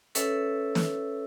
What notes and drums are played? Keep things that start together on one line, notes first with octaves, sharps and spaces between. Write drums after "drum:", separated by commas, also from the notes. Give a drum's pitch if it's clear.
C#4 A4 B4 C#5 E5 E6, drum: hi-hat
drum: snare